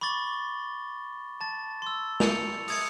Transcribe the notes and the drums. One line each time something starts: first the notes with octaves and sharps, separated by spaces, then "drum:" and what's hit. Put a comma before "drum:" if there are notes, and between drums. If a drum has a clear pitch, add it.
B5 C#6 D6 A6 G7
A5 A6
C6 E6
C#7 F7, drum: snare
D#6 G#6 C#7, drum: open hi-hat